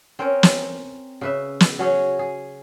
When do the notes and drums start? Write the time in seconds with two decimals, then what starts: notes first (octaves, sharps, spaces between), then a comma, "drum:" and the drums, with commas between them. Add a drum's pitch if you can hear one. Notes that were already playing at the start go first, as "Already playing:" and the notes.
0.19 C4 C#4 A#4 C#5
0.43 drum: snare
1.21 C#3 B4 E5
1.60 drum: snare
1.79 F#3 C#4 G#4
2.19 G#4